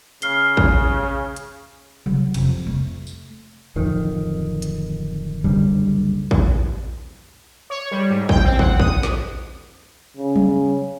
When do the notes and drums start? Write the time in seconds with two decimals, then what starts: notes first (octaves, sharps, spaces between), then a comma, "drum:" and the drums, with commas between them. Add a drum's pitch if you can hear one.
0.22 C#3 F6 C7 G7, drum: hi-hat
0.57 drum: kick
1.36 drum: hi-hat
2.06 F#3, drum: tom C3
2.34 F2 C3, drum: cymbal
2.67 A3
3.07 drum: tambourine
3.76 D1 F2 D#3
4.62 drum: hi-hat
5.44 F#1 C2 D3 G3
6.31 drum: kick
7.70 C#5
7.91 G3
8.10 G#2
8.29 G5, drum: kick
8.44 C4
8.59 F#5, drum: kick
8.80 D#6, drum: kick
9.03 drum: snare
10.17 C#3
10.36 drum: tom F#3